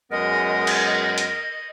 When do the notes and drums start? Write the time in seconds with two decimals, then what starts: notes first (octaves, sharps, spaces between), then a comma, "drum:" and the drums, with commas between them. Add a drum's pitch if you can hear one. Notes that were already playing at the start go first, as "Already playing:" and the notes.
0.12 F#2 G#3 B3 A#4 D#5
0.67 drum: cymbal
1.18 drum: hi-hat